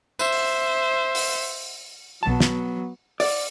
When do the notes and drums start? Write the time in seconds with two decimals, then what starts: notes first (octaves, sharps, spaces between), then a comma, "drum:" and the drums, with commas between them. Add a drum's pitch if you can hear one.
0.19 C5 E5, drum: tambourine
0.32 drum: open hi-hat
1.15 drum: open hi-hat
2.23 B1 F#3 B3 A5
2.40 drum: snare
3.20 D5, drum: open hi-hat